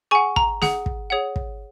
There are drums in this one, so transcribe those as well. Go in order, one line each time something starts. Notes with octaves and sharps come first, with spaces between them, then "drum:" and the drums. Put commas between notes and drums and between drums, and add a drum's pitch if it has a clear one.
G#4 F#5 G#5 C#6
A#5, drum: kick
G#4 F#5, drum: snare
drum: kick
G#4 C#5 F#5
drum: kick